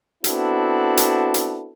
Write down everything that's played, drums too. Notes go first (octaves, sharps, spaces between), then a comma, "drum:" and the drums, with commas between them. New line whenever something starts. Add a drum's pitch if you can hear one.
B3 C4 D4 E4 F#4 A4, drum: hi-hat
drum: hi-hat
drum: hi-hat